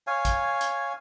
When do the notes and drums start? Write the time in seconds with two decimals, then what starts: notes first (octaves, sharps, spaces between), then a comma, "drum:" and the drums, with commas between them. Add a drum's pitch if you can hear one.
0.07 C#5 F5 G#5
0.25 drum: kick A1, hi-hat
0.61 drum: hi-hat